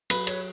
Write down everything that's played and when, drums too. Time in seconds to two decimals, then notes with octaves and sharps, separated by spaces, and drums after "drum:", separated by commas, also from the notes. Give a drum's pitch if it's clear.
0.10 F#3 B4, drum: cymbal
0.27 C#5, drum: cymbal